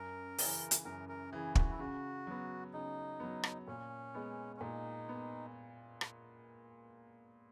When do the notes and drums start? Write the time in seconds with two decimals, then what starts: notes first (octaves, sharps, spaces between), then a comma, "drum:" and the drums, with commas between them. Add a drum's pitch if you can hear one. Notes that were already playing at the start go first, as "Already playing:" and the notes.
Already playing: F#2 A#4
0.38 C#3 E3, drum: open hi-hat
0.71 drum: hi-hat
0.85 F#2 A#4
1.09 A#4
1.32 C#3 E3 G#4
1.55 F#4, drum: kick
1.71 E4
1.79 C#3 F#4
2.27 F#3 B3
2.73 C#3 D#4
3.20 F#3 B3
3.43 drum: rim click
3.68 A#2 C#4
4.14 G#3 B3
4.57 C#4
4.61 A#2 D#4
5.09 B3
6.01 drum: rim click